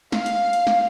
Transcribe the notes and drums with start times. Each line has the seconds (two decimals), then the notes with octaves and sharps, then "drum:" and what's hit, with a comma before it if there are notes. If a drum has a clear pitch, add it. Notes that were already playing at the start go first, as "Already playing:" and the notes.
0.12 F5, drum: snare
0.26 drum: hi-hat
0.53 drum: hi-hat
0.67 drum: snare